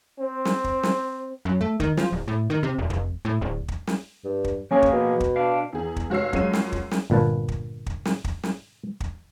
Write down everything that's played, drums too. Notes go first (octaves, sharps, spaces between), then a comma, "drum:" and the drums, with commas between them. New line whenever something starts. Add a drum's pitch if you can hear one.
C4
drum: snare
drum: kick
drum: snare
F#2
A3
D#3, drum: kick
F3, drum: snare
D1
A2
D#3
C3
E1
F1, drum: kick
A2
D1
drum: kick
drum: snare
G2
drum: kick
F3 A#3 C#4 G#4
drum: kick
B2
drum: kick
D4 F5
E2 G#4
drum: kick
F1 F#4 C#5 F5 E6 C7
F#2 F3 G#3 C#5 C7 D#7, drum: kick
drum: snare
drum: kick
drum: snare
G1 A#2 B4 A5
drum: kick
drum: kick
drum: snare
drum: kick
drum: snare
drum: kick